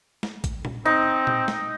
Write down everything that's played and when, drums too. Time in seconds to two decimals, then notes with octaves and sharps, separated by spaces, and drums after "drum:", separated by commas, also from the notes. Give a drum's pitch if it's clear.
0.23 drum: snare
0.44 drum: kick A1, hi-hat
0.65 drum: tom A#2
0.85 C4 D#4
1.27 drum: tom A#2
1.48 drum: snare